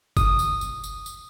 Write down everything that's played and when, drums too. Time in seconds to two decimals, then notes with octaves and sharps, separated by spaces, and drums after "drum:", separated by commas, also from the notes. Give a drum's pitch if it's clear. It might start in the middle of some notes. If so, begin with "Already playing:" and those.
0.17 D#6, drum: kick G1, tambourine
0.39 drum: tambourine
0.61 drum: tambourine
0.84 drum: tambourine
1.06 drum: tambourine